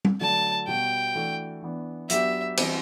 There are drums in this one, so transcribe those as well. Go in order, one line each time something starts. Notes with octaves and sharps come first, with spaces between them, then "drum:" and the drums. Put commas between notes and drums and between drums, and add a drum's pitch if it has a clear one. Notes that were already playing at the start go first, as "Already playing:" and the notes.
drum: tom G3
D3 F#3 A3 D4 A5
B2 G3 B3 F#4 G5
E3 A3 D4 F#4 A4
E3 B3 D4
F#3 B3 D4 G4 E5, drum: hi-hat
E3 G3 C4, drum: cymbal